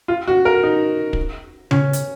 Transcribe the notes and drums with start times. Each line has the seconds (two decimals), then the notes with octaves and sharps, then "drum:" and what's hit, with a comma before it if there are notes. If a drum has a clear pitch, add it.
0.08 F4
0.28 F#4
0.45 A#4
0.63 D#4
1.13 drum: kick
1.71 C#4, drum: tom C#3
1.93 drum: hi-hat